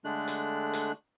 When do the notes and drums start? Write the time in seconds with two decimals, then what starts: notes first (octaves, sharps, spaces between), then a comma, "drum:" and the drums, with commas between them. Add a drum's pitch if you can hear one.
0.05 D3 G#3 A3 D4 F#6
0.28 drum: hi-hat
0.73 drum: hi-hat